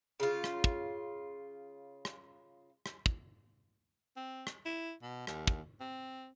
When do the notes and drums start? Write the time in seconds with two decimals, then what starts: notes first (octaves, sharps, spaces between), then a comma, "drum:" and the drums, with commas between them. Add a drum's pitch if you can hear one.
0.20 C#3 F4
0.44 drum: rim click
0.64 drum: kick
2.05 drum: rim click
2.86 drum: rim click
3.06 drum: kick
4.17 C4
4.47 drum: rim click
4.66 E4
5.03 B2
5.27 D#2, drum: rim click
5.47 drum: kick
5.80 C4